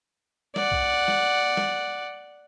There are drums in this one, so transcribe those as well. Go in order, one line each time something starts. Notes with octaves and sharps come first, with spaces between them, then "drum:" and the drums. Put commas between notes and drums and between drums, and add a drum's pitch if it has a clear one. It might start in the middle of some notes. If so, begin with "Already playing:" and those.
D5 F#5, drum: snare
drum: kick B1
drum: snare
drum: snare